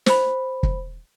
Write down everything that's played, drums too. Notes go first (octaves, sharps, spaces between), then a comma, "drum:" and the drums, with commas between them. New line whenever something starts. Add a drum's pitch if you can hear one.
C5 B5, drum: snare
drum: kick